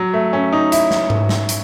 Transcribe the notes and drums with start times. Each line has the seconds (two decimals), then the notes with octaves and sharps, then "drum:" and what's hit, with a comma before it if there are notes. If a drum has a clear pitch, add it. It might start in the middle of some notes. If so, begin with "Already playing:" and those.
Already playing: F#3
0.14 A3
0.33 C#4
0.53 D#4
0.72 E4, drum: hi-hat
0.91 drum: snare
1.10 drum: tom G#2
1.29 drum: snare
1.49 drum: hi-hat